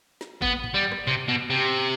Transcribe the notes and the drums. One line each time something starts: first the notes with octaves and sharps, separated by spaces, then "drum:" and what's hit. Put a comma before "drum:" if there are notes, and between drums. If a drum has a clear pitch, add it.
drum: snare
B3, drum: kick G1
drum: tom G2
G3
drum: rim click
C3, drum: tom G2
B2
C3